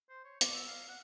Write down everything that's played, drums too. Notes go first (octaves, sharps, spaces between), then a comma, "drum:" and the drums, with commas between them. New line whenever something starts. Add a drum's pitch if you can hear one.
C5
C#5
D5, drum: hi-hat
E6
F5
F#5